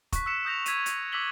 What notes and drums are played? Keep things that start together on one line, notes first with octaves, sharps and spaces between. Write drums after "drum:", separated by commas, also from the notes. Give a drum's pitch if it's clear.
C#6 F#6 B6, drum: kick, hi-hat
E6 F#6 B6 C#7 E7
D#6 G6 A#6 F7
E6 G#6 B6 D#7, drum: hi-hat
drum: hi-hat
D6 E6 F#6 B6 F#7 G7